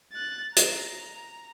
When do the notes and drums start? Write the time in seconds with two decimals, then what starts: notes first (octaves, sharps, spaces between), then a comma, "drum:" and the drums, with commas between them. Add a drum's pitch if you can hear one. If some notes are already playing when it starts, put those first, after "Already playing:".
0.12 F#6 A6
0.56 A#5, drum: hi-hat